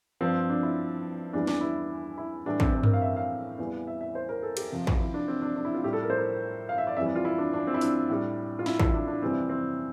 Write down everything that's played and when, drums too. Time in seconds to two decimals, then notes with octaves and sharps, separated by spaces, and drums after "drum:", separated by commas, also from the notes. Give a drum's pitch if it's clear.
0.21 G2 F3 C4
0.49 D4
0.63 E4
1.33 E2 E3 G3 D4
1.47 D4, drum: snare
1.61 E4
2.18 E4
2.46 A2 E3 G3 D4
2.60 C4, drum: kick
2.75 D4
2.83 A#4, drum: tom G2
2.93 F5
3.02 E5
3.16 F5
3.58 E2 E3 G3
3.87 E5
4.01 E5
4.15 C5
4.29 A#4
4.43 A4
4.57 G4, drum: cymbal
4.72 F2 C3 F3
4.87 drum: kick
5.00 E4
5.14 D4
5.28 C4
5.42 D4
5.56 D4
5.65 E4
5.74 F4
5.84 A2 G3 G4
5.93 A4
6.02 A#4
6.10 C5
6.17 A#4
6.69 F5
6.78 E5
6.87 D5
6.96 F2 E3 G3 E5
7.07 D5
7.15 F4
7.25 E4
7.38 D4
7.53 D4
7.67 C4
7.74 E4
7.81 D4, drum: open hi-hat
8.09 A2 G3
8.59 F4
8.66 E4, drum: snare
8.80 E4, drum: kick
8.93 D4
9.07 D4
9.22 F2 C3 E3 G3 C4
9.49 C4